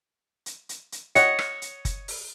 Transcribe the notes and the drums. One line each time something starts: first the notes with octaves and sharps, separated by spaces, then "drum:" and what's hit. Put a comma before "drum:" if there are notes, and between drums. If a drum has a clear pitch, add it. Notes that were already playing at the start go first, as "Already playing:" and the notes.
drum: hi-hat
drum: hi-hat
drum: hi-hat
C#5 D#5 F#5 C#7, drum: hi-hat
drum: rim click
drum: hi-hat
drum: kick F#1, hi-hat
drum: open hi-hat